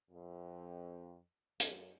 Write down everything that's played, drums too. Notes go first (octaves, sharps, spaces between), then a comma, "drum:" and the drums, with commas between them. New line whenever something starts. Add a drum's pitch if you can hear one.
F2
F#2, drum: hi-hat